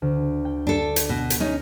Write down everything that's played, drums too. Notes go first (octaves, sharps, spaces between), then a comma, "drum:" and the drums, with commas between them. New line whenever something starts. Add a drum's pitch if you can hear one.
D2
G5
D4 A4
drum: hi-hat
B2
drum: hi-hat
C#4 D#4